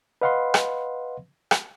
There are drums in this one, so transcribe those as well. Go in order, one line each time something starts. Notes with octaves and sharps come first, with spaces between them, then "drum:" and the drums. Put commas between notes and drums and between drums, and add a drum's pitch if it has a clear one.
B4 D#5 F5 F#5 B5 C6
drum: rim click
drum: rim click